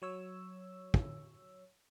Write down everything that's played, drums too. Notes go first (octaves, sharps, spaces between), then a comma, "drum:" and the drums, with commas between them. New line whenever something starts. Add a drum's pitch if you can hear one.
F#3 C#5 E6
drum: kick